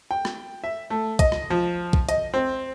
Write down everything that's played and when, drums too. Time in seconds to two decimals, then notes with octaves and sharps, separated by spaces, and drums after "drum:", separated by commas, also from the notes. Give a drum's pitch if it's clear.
0.11 G5
0.25 drum: rim click
0.64 E5
0.90 A3
1.19 D#5, drum: kick, hi-hat
1.32 drum: rim click
1.50 F3
1.93 drum: kick
2.09 D#5, drum: hi-hat
2.34 C4